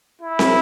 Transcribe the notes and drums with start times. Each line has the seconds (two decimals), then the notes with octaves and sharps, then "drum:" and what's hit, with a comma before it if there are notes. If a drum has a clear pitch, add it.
0.21 E4
0.39 drum: snare